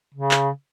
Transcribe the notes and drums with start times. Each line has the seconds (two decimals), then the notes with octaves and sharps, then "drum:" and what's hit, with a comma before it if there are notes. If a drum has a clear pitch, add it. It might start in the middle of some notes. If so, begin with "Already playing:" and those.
0.14 C#3
0.31 drum: clap